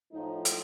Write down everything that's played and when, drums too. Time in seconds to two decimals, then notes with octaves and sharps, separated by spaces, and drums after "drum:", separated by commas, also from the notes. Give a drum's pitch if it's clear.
0.11 A2 F3 A3 D#4
0.45 drum: hi-hat